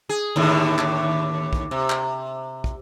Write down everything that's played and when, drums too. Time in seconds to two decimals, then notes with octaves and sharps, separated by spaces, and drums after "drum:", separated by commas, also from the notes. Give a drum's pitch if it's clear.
0.09 G#4
0.36 D#2 A2 D3
0.78 drum: clap
1.53 drum: kick
1.71 C3
1.90 drum: clap
2.64 drum: kick